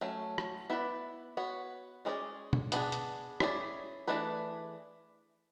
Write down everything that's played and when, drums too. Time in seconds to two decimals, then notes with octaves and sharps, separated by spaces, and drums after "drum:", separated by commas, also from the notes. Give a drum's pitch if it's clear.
0.01 F#3 A3 C#4
0.38 drum: rim click
0.70 B3 E4 B4 D5
1.37 B3 F#4 C#5
2.05 G#3 C#4 G#4 B4 D5
2.53 drum: tom B2
2.72 B3 D4 G#4, drum: hi-hat
2.92 drum: hi-hat
3.40 C#4 E4 G#4 D5, drum: rim click
4.07 E3 A3 D4 G#4 B4